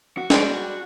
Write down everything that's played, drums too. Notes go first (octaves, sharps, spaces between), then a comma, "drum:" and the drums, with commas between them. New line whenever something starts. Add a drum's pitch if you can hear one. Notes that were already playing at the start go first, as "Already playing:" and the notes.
F#4
G3 G#3 D4, drum: snare